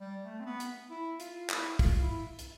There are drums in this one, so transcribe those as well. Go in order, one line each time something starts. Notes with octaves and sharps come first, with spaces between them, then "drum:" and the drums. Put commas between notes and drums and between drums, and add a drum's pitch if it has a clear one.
G3
A3
C4
B3
drum: hi-hat
E4
F4, drum: hi-hat
E4, drum: clap
F4, drum: kick, open hi-hat
E4
drum: hi-hat